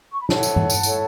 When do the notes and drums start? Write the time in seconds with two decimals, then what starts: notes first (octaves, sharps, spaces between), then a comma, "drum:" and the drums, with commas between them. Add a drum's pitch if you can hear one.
0.12 C#6
0.20 B5
0.29 E4 A4 C#5 F#5 A5, drum: snare
0.43 drum: tambourine
0.56 drum: tom G2
0.70 drum: tambourine
0.83 E4 A4 C#5, drum: tambourine